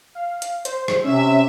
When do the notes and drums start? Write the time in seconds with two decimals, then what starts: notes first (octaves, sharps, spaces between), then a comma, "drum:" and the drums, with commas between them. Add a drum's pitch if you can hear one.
0.15 F5
0.42 drum: hi-hat
0.65 C5, drum: hi-hat
0.88 drum: rim click
1.04 C3 C#4 E5